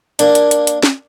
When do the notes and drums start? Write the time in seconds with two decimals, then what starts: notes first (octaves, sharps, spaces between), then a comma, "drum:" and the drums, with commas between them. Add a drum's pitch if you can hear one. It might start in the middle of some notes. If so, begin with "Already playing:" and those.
0.19 A#3 D4, drum: hi-hat
0.35 drum: hi-hat
0.51 drum: hi-hat
0.67 drum: hi-hat
0.83 drum: snare